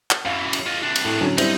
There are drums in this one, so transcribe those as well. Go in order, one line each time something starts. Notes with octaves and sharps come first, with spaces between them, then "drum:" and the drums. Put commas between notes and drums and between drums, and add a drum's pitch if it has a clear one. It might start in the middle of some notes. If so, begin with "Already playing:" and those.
drum: clap
F#2 E3 F5
drum: cymbal
F4 D#5
C3 D4
drum: cymbal
A2
D3 F#3 C#4
G3 C4 D#4 E4, drum: cymbal